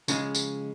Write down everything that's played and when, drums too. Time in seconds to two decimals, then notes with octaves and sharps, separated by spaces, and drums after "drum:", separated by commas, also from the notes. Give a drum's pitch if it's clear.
0.08 C#3 F3 G#3 C#4, drum: tambourine
0.35 drum: tambourine